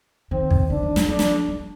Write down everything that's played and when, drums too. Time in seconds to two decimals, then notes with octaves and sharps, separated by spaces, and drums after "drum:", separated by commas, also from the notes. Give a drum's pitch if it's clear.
0.31 D#3 C4
0.50 drum: kick
0.70 D3 D4
0.83 D#3
0.96 G3, drum: snare
1.09 F3 D4
1.19 drum: snare
1.48 G3